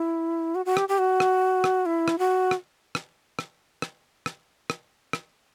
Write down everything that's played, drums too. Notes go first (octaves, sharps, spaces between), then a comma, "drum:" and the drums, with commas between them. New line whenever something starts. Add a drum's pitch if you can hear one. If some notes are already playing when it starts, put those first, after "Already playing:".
Already playing: E4
F#4
F#4
G4, drum: rim click
G4
F#4
drum: rim click
drum: rim click
E4
drum: rim click
F#4
drum: rim click
drum: rim click
drum: rim click
drum: rim click
drum: rim click
drum: rim click
drum: rim click